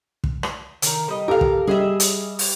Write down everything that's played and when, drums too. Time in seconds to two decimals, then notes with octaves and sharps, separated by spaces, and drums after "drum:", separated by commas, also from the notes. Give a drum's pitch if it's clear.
0.24 drum: kick
0.43 drum: rim click
0.82 D#3 A#4, drum: hi-hat
1.08 G3 D#5
1.28 G4 A4 A#4 F5
1.41 drum: kick
1.68 G3 G#4 D#5 E5
2.00 drum: hi-hat
2.39 drum: open hi-hat